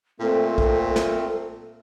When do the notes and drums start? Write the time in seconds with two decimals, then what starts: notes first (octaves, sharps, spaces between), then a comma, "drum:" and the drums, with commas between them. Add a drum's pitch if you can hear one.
0.20 A#2 A3 C4 A4
0.58 drum: kick B1
0.96 drum: snare